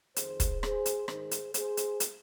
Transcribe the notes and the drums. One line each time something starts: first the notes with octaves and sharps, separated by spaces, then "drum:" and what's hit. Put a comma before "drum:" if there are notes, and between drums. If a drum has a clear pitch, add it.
F2 D#3 G#4 C5, drum: hi-hat
drum: kick, hi-hat
G#4 C5, drum: rim click
drum: hi-hat
G#2 D#3 G#4 C5, drum: rim click
drum: hi-hat
G#4 C5, drum: hi-hat
drum: hi-hat
drum: hi-hat